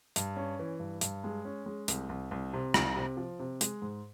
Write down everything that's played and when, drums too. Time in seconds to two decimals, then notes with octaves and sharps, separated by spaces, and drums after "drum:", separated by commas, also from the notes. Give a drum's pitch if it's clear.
0.16 G2, drum: hi-hat
0.36 C#4
0.59 E3
0.80 G2
1.01 G2, drum: hi-hat
1.24 G#3
1.45 C#4
1.66 G#3
1.88 C2, drum: hi-hat
2.09 C2
2.31 C2
2.53 C3
2.74 C2, drum: rim click
2.96 C3
3.17 F3
3.39 C3
3.61 G#3, drum: hi-hat
3.82 G#2